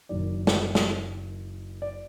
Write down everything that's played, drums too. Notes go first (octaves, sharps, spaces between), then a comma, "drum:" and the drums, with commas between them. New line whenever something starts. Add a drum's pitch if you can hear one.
F#1 F#2 D#3 F#3 D5
drum: snare
drum: snare
D5